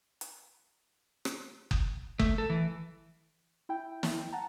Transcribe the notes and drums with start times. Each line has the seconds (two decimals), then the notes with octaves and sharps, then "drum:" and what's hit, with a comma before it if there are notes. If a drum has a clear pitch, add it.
0.21 drum: hi-hat
1.25 drum: rim click
1.71 drum: kick F#1
2.19 A3, drum: kick F#1
2.38 A4
2.50 E3
3.69 E4 G5
4.03 drum: snare
4.32 F#5 A5 A#5